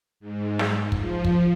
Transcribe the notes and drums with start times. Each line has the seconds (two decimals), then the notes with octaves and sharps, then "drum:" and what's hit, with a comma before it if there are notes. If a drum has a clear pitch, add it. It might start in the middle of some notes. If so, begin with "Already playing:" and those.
0.20 G#2
0.59 drum: snare
0.92 F3, drum: kick
1.25 drum: kick